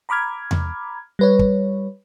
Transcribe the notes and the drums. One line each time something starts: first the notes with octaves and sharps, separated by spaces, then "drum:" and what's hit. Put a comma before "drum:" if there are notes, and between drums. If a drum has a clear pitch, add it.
A#5 B5 D6 F6 G#6
drum: tom E2
G3 B4 C#5
drum: kick